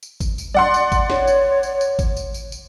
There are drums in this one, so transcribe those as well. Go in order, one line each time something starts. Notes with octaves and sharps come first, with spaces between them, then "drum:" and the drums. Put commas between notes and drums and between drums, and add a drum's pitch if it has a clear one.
drum: tambourine
drum: kick G#1, tambourine
drum: tambourine
D5 F#5 C6, drum: tom F#3
drum: tambourine
drum: kick G#1, tambourine
C#5, drum: snare
drum: tambourine
drum: tambourine
drum: tambourine
drum: kick G#1, tambourine
drum: tambourine
drum: tambourine
drum: tambourine